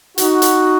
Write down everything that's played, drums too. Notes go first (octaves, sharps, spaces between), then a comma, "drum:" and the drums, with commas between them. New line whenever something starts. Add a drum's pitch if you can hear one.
D#4 F#4, drum: hi-hat
drum: hi-hat